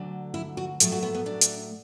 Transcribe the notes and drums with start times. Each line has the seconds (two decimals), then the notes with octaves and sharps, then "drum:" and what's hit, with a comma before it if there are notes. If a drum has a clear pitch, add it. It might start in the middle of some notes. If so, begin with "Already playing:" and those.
Already playing: D2 D3 F#3
0.34 E4
0.57 F#4
0.80 A2 F#3 A3 A4, drum: hi-hat
0.92 F#4
1.03 B3
1.14 B3
1.26 D4
1.41 drum: hi-hat